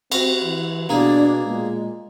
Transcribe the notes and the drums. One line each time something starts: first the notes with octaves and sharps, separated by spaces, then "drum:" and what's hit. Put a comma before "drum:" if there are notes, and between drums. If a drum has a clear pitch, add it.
C4 F#4, drum: cymbal
E3
B2 A#3 D4 G#4
A#2 G#3